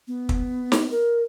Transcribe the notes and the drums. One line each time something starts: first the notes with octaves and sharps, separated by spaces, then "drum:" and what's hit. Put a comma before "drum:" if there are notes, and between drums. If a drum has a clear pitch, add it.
B3
drum: kick
drum: snare
A#4